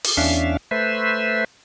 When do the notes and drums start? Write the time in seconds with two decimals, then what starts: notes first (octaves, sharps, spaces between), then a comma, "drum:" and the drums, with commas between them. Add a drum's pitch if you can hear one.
0.04 drum: open hi-hat
0.17 E2 C#4 D4 E5 F5
0.71 A3 B4 C5 E5